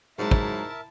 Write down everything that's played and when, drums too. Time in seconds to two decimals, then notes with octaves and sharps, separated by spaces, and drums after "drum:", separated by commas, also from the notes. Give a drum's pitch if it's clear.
0.18 G#2 F#3 G#3 E4 A#4 E5 A5
0.31 drum: kick